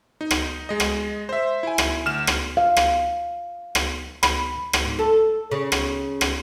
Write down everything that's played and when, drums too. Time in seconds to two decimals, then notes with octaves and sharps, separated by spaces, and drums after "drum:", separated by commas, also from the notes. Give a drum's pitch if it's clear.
0.21 D#4
0.31 drum: rim click
0.69 G#3 D#5
0.80 drum: rim click
1.29 C5 E5
1.63 E4 G#5
1.78 drum: rim click
2.06 D2 F6 E7
2.27 drum: rim click
2.57 F5
2.77 drum: rim click
3.75 drum: rim click
4.23 B5, drum: rim click
4.73 drum: rim click
4.85 G#2
4.99 A4
5.51 C#3
5.72 drum: rim click
6.21 drum: rim click